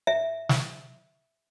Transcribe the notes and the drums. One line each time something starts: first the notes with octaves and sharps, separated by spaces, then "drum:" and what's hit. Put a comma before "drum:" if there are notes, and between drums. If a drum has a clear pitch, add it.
E5
drum: snare